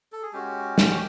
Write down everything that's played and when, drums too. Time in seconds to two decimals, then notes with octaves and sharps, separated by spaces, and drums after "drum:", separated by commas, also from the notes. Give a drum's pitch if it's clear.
0.12 A4
0.22 G#4
0.33 G#3 C#4 F#4 G4
0.78 drum: snare